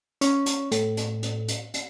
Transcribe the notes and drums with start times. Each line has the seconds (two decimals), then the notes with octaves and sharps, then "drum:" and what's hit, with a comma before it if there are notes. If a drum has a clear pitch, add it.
0.21 C#4, drum: hi-hat
0.46 drum: hi-hat
0.72 A2, drum: hi-hat
0.97 drum: hi-hat
1.23 drum: hi-hat
1.48 drum: hi-hat
1.74 drum: hi-hat